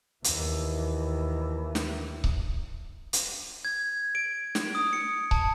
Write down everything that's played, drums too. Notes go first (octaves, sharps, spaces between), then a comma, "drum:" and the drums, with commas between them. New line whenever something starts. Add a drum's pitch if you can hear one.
D#2 E3, drum: hi-hat
drum: snare
drum: kick C#1
drum: hi-hat
G#6
D7
drum: snare
D#6
C#7
A5, drum: kick C#1